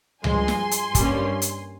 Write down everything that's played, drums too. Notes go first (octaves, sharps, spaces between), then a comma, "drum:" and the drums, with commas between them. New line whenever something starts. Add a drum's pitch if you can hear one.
G2 F3 G#3 G#5 C6, drum: tom C#2
drum: snare
drum: hi-hat
G2 G3 A#3 C#4, drum: kick, hi-hat
drum: hi-hat